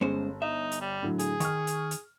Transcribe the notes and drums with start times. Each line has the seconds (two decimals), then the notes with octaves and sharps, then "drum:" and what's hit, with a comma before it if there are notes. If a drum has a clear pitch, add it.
0.01 G1 G#3 C#4 C5
0.42 D#4 E5
0.72 drum: hi-hat
0.81 G3
1.02 A2 D3 F#3
1.19 G#4, drum: hi-hat
1.40 D#3 C#6 F6, drum: hi-hat
1.67 drum: hi-hat
1.91 drum: hi-hat